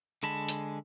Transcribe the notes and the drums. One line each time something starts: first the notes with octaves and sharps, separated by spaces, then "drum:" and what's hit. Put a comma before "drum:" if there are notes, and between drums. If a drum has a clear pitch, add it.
D3 G#3 A5 B5
drum: hi-hat